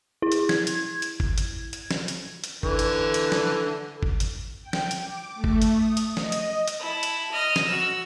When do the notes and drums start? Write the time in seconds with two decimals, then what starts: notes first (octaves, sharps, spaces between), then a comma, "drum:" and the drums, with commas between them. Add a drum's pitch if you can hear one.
0.22 E4
0.32 drum: hi-hat
0.49 G#6, drum: snare
0.67 drum: hi-hat
1.02 drum: hi-hat
1.20 drum: kick G#1
1.38 drum: hi-hat
1.73 drum: hi-hat
1.91 drum: snare
2.08 drum: hi-hat
2.44 drum: hi-hat
2.63 D3 E3, drum: kick G#1
2.79 drum: hi-hat
3.14 drum: hi-hat
3.32 drum: snare
4.03 drum: kick G#1
4.20 drum: hi-hat
4.62 G5
4.73 drum: snare
4.91 drum: hi-hat
5.01 D6
5.34 A3
5.44 drum: kick G#1
5.62 drum: hi-hat
5.74 D#6
5.97 drum: hi-hat
6.17 D#5, drum: snare
6.32 drum: hi-hat
6.68 drum: hi-hat
6.80 E4 A5
7.03 drum: hi-hat
7.31 D#5 F6
7.56 drum: snare
7.66 F#4 E6